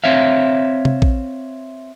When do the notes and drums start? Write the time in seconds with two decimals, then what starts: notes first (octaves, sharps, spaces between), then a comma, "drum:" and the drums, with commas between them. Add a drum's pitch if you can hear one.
0.04 C4 C#5 E5 F5
0.85 drum: tom C3
1.02 drum: kick